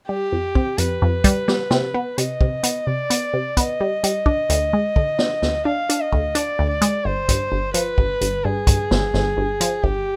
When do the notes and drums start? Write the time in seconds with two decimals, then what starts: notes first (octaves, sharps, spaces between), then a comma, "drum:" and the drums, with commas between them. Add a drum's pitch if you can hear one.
0.08 G3 G4
0.32 F2
0.55 C4, drum: kick
0.78 F2 B4, drum: hi-hat
1.02 F2
1.24 G3, drum: kick, hi-hat
1.48 G3, drum: snare
1.71 C3, drum: snare
1.94 B3
2.18 C3 D#5, drum: hi-hat
2.41 C3, drum: kick
2.63 B3, drum: hi-hat
2.87 C3 D5
3.10 B3, drum: hi-hat
3.34 C3
3.57 B3 D#5, drum: kick, hi-hat
3.81 G3
4.04 G3, drum: hi-hat
4.26 D4, drum: kick
4.50 D2, drum: hi-hat
4.73 G#3
4.96 D3, drum: kick
5.19 D4, drum: snare
5.42 D2, drum: snare
5.65 D4 F5
5.89 D4, drum: hi-hat
6.01 D#5
6.13 D2, drum: kick
6.35 D4 D5, drum: hi-hat
6.59 D2
6.70 D5
6.81 G#3, drum: hi-hat
7.05 G1 C5
7.29 G2, drum: kick, hi-hat
7.52 G1
7.74 F3 B4, drum: hi-hat
7.98 G1, drum: kick
8.21 G1, drum: hi-hat
8.45 G2 G#4
8.67 G2, drum: kick, hi-hat
8.91 G1, drum: snare
9.14 G1, drum: snare
9.37 G1
9.61 F3, drum: hi-hat
9.84 G1 G4, drum: kick